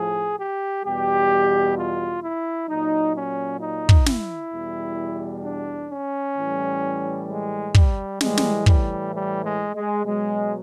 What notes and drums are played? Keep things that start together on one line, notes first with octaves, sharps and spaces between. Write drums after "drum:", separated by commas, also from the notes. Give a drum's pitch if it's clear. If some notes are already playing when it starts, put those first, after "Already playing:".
Already playing: A2 F3 G#4
G4
E2 B2 G3 G4
F4
E4
A#2 F#3 D#4
C#4
D#4
drum: kick
E4, drum: snare
E2 B2 G3
D4
C#4
A2 E3 G3
G#3
G3, drum: kick
A2 E3 G3 G#3, drum: snare
drum: snare
G3, drum: kick
G3
G#3
G#3
B2 F#3 G#3